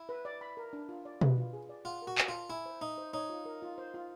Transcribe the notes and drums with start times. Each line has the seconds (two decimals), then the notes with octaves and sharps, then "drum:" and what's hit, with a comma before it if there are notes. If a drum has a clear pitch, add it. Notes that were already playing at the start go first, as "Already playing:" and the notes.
Already playing: E4
0.09 B4
0.25 D5
0.41 B5
0.57 A#4
0.73 D4
0.89 F4
1.05 D5
1.21 B4, drum: tom B2
1.38 F4
1.53 G#4
1.69 D5
1.85 F4 F#5
2.02 A#4
2.07 F#4
2.18 D5, drum: clap
2.28 F4 A5
2.50 E4 G#5
2.66 C5
2.81 D#4 E5
2.98 C5
3.14 D#4 C#5
3.30 F4
3.46 A#4
3.62 F4
3.78 C5
3.94 F4